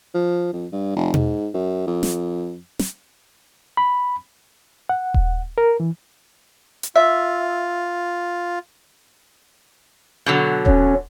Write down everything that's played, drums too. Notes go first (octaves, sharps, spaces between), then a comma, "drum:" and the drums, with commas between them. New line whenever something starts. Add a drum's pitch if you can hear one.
F3
F2
G2
F1
G#2, drum: tom B2
F#2
F2
drum: snare
drum: snare
B5
F#5
drum: kick D#1
A#4
E3
drum: hi-hat
F4 E5
B2 D3 F#3
C#4, drum: kick D#1